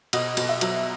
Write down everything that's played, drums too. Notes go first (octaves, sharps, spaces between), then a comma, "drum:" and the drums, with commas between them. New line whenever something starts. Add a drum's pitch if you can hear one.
B2 D#5, drum: cymbal
B2, drum: cymbal
E5
F#3, drum: cymbal